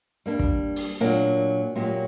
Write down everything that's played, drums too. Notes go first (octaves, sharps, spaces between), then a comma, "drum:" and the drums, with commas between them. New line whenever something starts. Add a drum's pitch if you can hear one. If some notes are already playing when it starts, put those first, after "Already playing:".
G3 A#3 D4
drum: kick
drum: open hi-hat
A#2 F#3 A#3 D4 A#4
A#2 F#3 A#3 C#4 G4